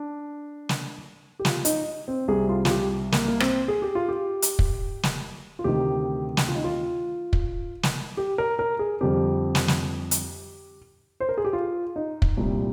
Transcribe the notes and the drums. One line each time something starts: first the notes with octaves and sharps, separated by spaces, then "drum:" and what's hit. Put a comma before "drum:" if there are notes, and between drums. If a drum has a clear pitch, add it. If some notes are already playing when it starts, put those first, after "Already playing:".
Already playing: D4
drum: snare
G4
F4, drum: snare
D#4, drum: hi-hat
C4
C2 C3 G3 G#4
F4
F4, drum: snare
G4
A#3, drum: snare
A#3
C4, drum: rim click
G#4
G4
F4
G4
drum: hi-hat
drum: kick
drum: snare
F4
D2 C3 D#3 G4
drum: snare
F4
D#4
F4
drum: kick
drum: snare
G4
A#4
A#4
G#4
F2 D3 G3 G4
drum: snare
drum: snare
drum: hi-hat
C5
A#4
G#4
G4
F4
D#4
drum: kick
C2 A#2 G3